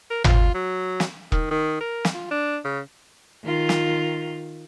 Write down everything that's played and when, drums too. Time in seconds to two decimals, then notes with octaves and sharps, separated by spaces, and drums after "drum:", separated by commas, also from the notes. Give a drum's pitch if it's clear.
0.11 A#4
0.24 F4, drum: tom G#1
0.54 F#3
1.00 drum: snare
1.32 D#3, drum: kick E1
1.51 D#3
1.80 A#4
2.05 drum: snare
2.15 F4
2.31 D4
2.65 C#3
3.44 D#3 F4
3.69 drum: snare